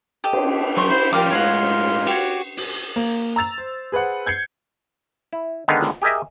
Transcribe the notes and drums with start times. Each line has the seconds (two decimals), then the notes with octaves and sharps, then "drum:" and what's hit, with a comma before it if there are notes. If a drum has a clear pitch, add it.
0.24 G4 A4 D#5
0.33 drum: cymbal
0.77 F#3 A#4 C6 C#6
0.91 E4 C5
1.13 F2 G3 F4 G4 A#4 D6
1.30 A2 G#3 C#5 F5 F#5
2.07 F#4 G4 C#5, drum: cymbal
2.57 drum: open hi-hat
2.96 A#3
3.36 A#5 E6 A6 F7
3.58 C5
3.92 G#4 B4 C5 F#5
4.26 G6 G#6 C7 C#7
5.33 E4
5.68 D3 D#3 G#3 B3 D#4 F5
5.82 drum: snare
6.02 G4 G#4 A#4 D#5 E5